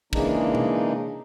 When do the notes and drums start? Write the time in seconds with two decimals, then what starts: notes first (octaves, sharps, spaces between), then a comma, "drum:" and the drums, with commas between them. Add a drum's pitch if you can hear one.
0.13 C#3 E3 G#3 A#3 D4 D#4, drum: kick
0.55 drum: tom B2